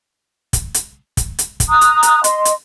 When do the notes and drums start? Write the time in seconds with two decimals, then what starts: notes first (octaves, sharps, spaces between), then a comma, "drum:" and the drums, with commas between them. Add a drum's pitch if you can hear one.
0.53 drum: kick, hi-hat
0.74 drum: hi-hat
1.17 drum: kick, hi-hat
1.39 drum: hi-hat
1.60 drum: kick, hi-hat
1.70 A#5 D#6 F#6
1.81 drum: hi-hat
2.03 drum: hi-hat
2.24 D#5 C6, drum: hi-hat
2.45 drum: hi-hat